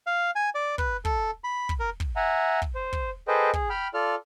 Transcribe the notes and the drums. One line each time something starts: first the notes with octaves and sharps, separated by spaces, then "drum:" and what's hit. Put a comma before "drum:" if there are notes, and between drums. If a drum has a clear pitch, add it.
F5
G#5
D5
B4, drum: kick
A4, drum: kick
B5
drum: kick
A#4
drum: kick
E5 F#5 G#5 A#5
drum: kick
C5
drum: kick
G#4 A4 B4 C5 D#5 G5
G#4, drum: kick
G5 B5 F6
F4 A4 D5 F6